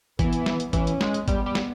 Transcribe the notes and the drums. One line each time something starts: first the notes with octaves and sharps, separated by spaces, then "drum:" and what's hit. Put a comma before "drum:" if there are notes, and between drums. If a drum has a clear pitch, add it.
E3 B3, drum: kick, hi-hat
drum: hi-hat
drum: snare
drum: hi-hat
E3 C#4, drum: kick, hi-hat
drum: hi-hat
G#3, drum: snare
drum: hi-hat
G3 B3, drum: kick, hi-hat
G3
drum: snare